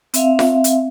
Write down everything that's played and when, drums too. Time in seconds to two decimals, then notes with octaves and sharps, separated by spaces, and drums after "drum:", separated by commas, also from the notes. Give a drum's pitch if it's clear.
0.14 C4 E5 F5, drum: hi-hat
0.39 drum: snare F4
0.64 drum: hi-hat